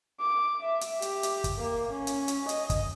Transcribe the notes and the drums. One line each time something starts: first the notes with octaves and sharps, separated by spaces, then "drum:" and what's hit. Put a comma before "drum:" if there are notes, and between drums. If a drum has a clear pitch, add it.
D6
E5
drum: hi-hat
G4, drum: hi-hat
drum: hi-hat
drum: kick, hi-hat
A#3
C#4
drum: hi-hat
drum: hi-hat
D#5, drum: hi-hat
drum: kick, hi-hat